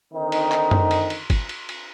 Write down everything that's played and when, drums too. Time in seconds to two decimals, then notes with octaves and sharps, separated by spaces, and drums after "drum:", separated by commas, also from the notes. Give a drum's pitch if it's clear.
0.13 D3 D#3 C4 D#4
0.32 drum: cymbal
0.52 drum: clap
0.71 drum: tom F#2
0.91 drum: cymbal
1.10 drum: cymbal
1.30 drum: kick, cymbal
1.49 drum: cymbal
1.69 drum: cymbal